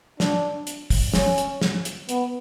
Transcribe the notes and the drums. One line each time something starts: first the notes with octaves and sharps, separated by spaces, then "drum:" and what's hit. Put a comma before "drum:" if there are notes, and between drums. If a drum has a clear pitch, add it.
D4, drum: snare
drum: hi-hat
drum: kick, open hi-hat
C#4, drum: snare
drum: hi-hat
drum: snare
drum: hi-hat
B3, drum: hi-hat